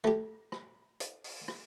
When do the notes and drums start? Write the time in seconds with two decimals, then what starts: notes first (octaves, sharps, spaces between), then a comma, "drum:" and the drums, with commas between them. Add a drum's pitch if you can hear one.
0.04 A3 G4, drum: rim click
0.52 drum: rim click
1.00 drum: hi-hat
1.24 drum: open hi-hat
1.48 drum: rim click